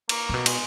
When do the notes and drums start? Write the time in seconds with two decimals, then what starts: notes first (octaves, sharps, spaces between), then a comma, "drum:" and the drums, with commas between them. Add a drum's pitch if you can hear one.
0.09 A#3, drum: cymbal
0.29 A#2
0.34 B2
0.46 G#3, drum: cymbal